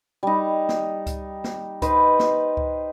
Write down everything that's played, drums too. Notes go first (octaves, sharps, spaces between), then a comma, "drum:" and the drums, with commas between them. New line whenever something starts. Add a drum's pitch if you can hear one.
G3 D#4
drum: snare
drum: kick C#2, hi-hat
drum: snare
D#4 B4 C5, drum: kick C#2, hi-hat
drum: snare
drum: kick C#2